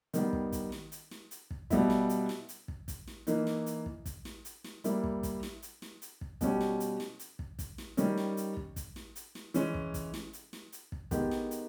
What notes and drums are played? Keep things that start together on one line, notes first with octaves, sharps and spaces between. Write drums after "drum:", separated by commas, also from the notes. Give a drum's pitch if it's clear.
D#3 G3 B3, drum: hi-hat
drum: kick
drum: kick, hi-hat
drum: snare
drum: hi-hat
drum: snare
drum: hi-hat
drum: kick
B2 G3 B3 E4, drum: kick, hi-hat
drum: snare
drum: hi-hat
drum: snare
drum: hi-hat
drum: kick
drum: kick, hi-hat
drum: snare
E3 A#3 D#4, drum: hi-hat
drum: snare
drum: hi-hat
drum: kick
drum: kick, hi-hat
drum: snare
drum: hi-hat
drum: snare
G3 A#3 E4, drum: hi-hat
drum: kick
drum: kick, hi-hat
drum: snare
drum: hi-hat
drum: snare
drum: hi-hat
drum: kick
B2 G3 C#4 G4, drum: kick, hi-hat
drum: snare
drum: hi-hat
drum: snare
drum: hi-hat
drum: kick
drum: kick, hi-hat
drum: snare
D#3 G3 C#4, drum: hi-hat
drum: snare
drum: hi-hat
drum: kick
drum: kick, hi-hat
drum: snare
drum: hi-hat
drum: snare
E3 G#3 C#4, drum: hi-hat
drum: kick
drum: kick, hi-hat
drum: snare
drum: hi-hat
drum: snare
drum: hi-hat
drum: kick
D#3 G#3 B3 G4, drum: kick, hi-hat
drum: snare
drum: hi-hat